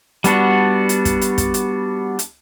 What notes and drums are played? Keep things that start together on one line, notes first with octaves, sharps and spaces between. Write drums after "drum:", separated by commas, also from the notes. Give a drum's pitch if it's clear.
G3 B3 D4 F#4, drum: hi-hat
drum: hi-hat
drum: kick, hi-hat
drum: hi-hat
drum: kick, hi-hat
drum: hi-hat
drum: hi-hat